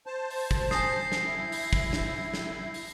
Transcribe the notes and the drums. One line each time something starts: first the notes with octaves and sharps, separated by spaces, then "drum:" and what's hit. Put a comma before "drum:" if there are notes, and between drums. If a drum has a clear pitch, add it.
C5 A5
drum: open hi-hat
drum: kick
G#5 D#6 G6 A#6 C7, drum: snare
drum: snare
E4
drum: open hi-hat
drum: kick
drum: snare
drum: snare
drum: open hi-hat